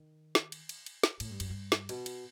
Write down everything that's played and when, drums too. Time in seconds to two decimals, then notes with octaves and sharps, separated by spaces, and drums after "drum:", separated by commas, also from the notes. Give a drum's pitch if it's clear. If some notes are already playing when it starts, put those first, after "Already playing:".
Already playing: D#3
0.35 drum: snare
0.52 drum: cymbal
0.69 drum: cymbal
0.86 drum: cymbal
1.03 drum: snare
1.20 A2, drum: cymbal
1.31 G2
1.40 F#2, drum: cymbal
1.50 G2
1.72 drum: snare
1.89 B2, drum: cymbal
2.06 drum: cymbal